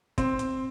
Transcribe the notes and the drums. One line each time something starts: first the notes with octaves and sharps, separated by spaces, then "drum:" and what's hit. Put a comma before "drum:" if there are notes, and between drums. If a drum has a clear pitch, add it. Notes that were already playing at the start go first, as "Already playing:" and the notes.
C4, drum: kick, hi-hat
drum: hi-hat